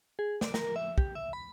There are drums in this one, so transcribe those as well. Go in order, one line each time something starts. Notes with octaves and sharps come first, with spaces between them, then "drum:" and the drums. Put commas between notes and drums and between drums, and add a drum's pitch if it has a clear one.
G#4
D5, drum: snare
A#4, drum: snare
E5
G4, drum: kick
E5
B5